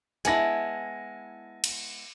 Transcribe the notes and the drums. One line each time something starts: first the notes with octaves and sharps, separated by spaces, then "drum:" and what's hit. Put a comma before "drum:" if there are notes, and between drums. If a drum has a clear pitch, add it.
G#3 B3 E4 G#5 A5 A#6, drum: hi-hat
drum: cymbal